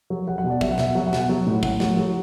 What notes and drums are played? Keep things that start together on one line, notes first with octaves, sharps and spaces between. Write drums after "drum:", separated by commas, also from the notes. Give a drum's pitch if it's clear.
F#3
F#3 F#5
F#5
B2
D5
F#3 E5, drum: kick
F#5
B2 E5, drum: snare
F#3 F#5
F#5
B2, drum: snare
F#5
F#3
A2
A2 F#5, drum: kick
F#3, drum: snare
F#3